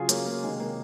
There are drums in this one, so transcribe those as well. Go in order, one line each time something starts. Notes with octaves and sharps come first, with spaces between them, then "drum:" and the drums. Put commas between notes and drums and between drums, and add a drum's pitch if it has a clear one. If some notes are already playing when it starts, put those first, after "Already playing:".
Already playing: C#3 F#3 F4 G#4
A#3 C#4, drum: hi-hat
A#3
C3 D#3 G#3
A#3